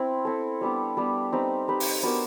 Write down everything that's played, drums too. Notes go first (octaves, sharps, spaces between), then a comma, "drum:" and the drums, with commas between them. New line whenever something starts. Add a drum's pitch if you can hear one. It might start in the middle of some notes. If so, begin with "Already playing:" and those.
Already playing: C4 E4
C4 E4 A4
G3 B3 D4 G4
G3 B3 D4 G4
C4 D#4 G4 B4
C4 D#4 G4 B4
drum: open hi-hat
B3 D4 F#4 A#4